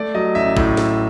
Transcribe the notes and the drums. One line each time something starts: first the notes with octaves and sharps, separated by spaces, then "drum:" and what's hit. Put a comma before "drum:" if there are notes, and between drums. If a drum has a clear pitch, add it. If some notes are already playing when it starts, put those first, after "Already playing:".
Already playing: A3 D5
F#3 D#5
A1 E5
A2, drum: kick G#1
drum: snare